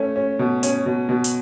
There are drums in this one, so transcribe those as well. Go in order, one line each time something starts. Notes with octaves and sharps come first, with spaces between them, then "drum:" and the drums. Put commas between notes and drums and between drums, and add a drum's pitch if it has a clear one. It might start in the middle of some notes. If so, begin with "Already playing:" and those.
Already playing: A3 C#4
C#4
B2
C#4, drum: hi-hat
B2
B2
drum: hi-hat